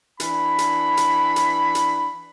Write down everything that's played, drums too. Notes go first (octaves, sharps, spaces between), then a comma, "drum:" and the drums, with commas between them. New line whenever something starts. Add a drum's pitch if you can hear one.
E3 D4 B5, drum: hi-hat
drum: hi-hat
drum: hi-hat
drum: hi-hat
drum: hi-hat